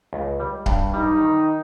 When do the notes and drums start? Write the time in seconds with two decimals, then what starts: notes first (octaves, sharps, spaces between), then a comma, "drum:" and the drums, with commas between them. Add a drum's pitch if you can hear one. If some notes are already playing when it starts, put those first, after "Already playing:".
0.13 C#2
0.40 G3
0.66 G2, drum: kick C#1
0.93 G3 D#4
1.21 D#3